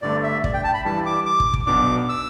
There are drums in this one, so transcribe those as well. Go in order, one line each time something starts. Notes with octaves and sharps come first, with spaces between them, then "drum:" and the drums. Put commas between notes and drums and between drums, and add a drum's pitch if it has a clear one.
G1 G2 D3 A3 D5
E5
D5, drum: kick
G5
A5
B5
G2 E3 G3 A5
D6
D6
drum: kick
drum: kick
B1 B2 B3 D4 D6
E6